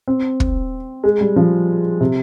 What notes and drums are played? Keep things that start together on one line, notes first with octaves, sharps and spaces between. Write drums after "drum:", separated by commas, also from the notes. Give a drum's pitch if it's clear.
C4
drum: kick
G#3
G3
F3
C3